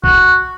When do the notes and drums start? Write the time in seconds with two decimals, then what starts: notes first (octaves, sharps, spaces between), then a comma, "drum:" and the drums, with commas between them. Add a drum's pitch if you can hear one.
0.04 F#4, drum: kick